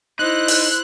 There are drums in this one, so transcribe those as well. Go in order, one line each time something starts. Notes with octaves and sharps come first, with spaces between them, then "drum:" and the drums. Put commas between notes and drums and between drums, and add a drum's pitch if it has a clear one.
D#4 E4 C5 F#6
drum: open hi-hat